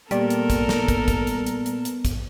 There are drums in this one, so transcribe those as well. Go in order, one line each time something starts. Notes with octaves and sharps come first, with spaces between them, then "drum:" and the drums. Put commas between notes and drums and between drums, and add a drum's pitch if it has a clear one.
A#2 G3 B3 A4 A#4 D5, drum: hi-hat
drum: hi-hat
drum: kick, hi-hat
drum: snare
drum: kick, hi-hat
drum: kick, hi-hat
drum: hi-hat
drum: hi-hat
drum: hi-hat
drum: hi-hat
drum: kick, hi-hat